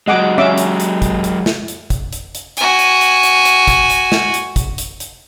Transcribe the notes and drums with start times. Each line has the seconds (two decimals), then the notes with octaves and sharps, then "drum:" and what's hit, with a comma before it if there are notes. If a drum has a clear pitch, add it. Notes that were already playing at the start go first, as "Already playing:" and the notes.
0.08 F#3 G#3 D#5 F#5 D6
0.38 C#4 E5 D6
0.58 drum: hi-hat
0.80 drum: hi-hat
1.02 drum: kick, hi-hat
1.24 drum: hi-hat
1.46 drum: snare
1.68 drum: hi-hat
1.90 drum: kick, hi-hat
2.13 drum: hi-hat
2.35 drum: hi-hat
2.57 F#4 G#5, drum: hi-hat
2.79 drum: hi-hat
3.01 drum: hi-hat
3.23 drum: hi-hat
3.45 drum: hi-hat
3.67 drum: kick, hi-hat
3.90 drum: hi-hat
4.12 drum: snare
4.34 drum: hi-hat
4.56 drum: kick, hi-hat
4.78 drum: hi-hat
5.00 drum: hi-hat